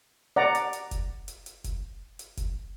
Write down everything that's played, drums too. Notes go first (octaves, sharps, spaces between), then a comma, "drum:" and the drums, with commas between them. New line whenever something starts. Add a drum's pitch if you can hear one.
D5 F#5 A#5
drum: hi-hat
drum: hi-hat
drum: kick F1, hi-hat
drum: hi-hat
drum: hi-hat
drum: kick F1, hi-hat
drum: hi-hat
drum: kick F1, hi-hat